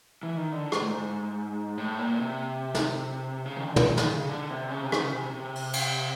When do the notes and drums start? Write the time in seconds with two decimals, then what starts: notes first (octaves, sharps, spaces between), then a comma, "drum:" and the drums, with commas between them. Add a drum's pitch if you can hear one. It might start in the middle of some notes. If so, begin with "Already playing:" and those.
0.23 E3
0.37 D#3
0.52 D3
0.72 G#2, drum: rim click
0.80 A2
0.87 G#2
1.78 A2
1.99 A#2
2.19 C3
2.75 drum: snare
3.45 C#3
3.57 D#3
3.67 D3
3.76 drum: tom
3.87 D#3
3.97 drum: snare
4.09 C#3
4.29 D3
4.50 C3
4.71 C#3
4.83 C3
4.92 C#3, drum: rim click
5.14 C3
5.35 C3
5.55 drum: open hi-hat
5.73 drum: cymbal